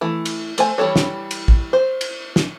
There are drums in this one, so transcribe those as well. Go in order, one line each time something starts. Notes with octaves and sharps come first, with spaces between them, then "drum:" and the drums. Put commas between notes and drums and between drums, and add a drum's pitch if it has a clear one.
E3 A3
drum: cymbal
A3 C5 G#5, drum: cymbal
E3 G3 A3 A4 C#5
drum: snare
drum: cymbal
drum: kick
C5
drum: cymbal
drum: snare